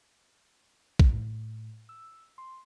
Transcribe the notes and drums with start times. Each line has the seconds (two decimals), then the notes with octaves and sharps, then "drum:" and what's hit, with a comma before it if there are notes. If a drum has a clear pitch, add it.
0.99 drum: kick
1.12 A2
1.89 E6
2.38 C6